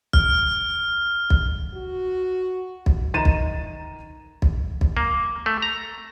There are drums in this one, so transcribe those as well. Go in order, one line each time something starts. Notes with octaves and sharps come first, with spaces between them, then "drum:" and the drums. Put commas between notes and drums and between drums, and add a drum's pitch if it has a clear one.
F6, drum: kick
drum: kick
F#4
drum: kick
D#3 A#5 A6 D#7 E7
drum: kick
drum: kick
drum: kick
A#3
A3
A#5